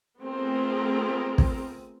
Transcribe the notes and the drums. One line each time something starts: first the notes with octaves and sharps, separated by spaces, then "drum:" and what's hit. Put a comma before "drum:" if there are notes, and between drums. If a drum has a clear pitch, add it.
A3 B3 C4 F4 G#4 A#4
drum: kick